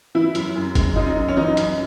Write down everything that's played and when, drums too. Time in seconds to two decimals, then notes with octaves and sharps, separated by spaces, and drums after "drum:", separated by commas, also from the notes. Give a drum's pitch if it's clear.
0.15 E3 E4
0.35 F#2, drum: hi-hat
0.55 F#2
0.75 G#3, drum: kick, hi-hat
0.96 F#2 D#4
1.16 F#2
1.29 C#4
1.36 E3 D#4
1.57 F#2, drum: hi-hat